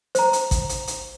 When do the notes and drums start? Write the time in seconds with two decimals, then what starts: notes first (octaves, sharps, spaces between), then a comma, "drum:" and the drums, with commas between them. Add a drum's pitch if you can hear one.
0.15 C5 A#5, drum: hi-hat
0.33 drum: hi-hat
0.51 drum: kick, hi-hat
0.69 drum: hi-hat
0.87 drum: hi-hat